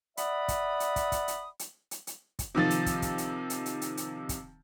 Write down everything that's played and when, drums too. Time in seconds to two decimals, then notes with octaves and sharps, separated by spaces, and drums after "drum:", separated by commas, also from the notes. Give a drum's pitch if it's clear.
0.17 D5 E5 F#5 B5 D#6, drum: hi-hat
0.48 drum: kick, hi-hat
0.80 drum: hi-hat
0.96 drum: kick, hi-hat
1.12 drum: kick, hi-hat
1.28 drum: hi-hat
1.59 drum: hi-hat
1.91 drum: hi-hat
2.07 drum: hi-hat
2.39 drum: kick, hi-hat
2.55 C3 D#3 F3 A6
2.70 drum: hi-hat
2.86 drum: kick, hi-hat
3.02 drum: kick, hi-hat
3.18 drum: hi-hat
3.50 drum: hi-hat
3.66 drum: hi-hat
3.82 drum: hi-hat
3.97 drum: hi-hat
4.29 drum: kick, hi-hat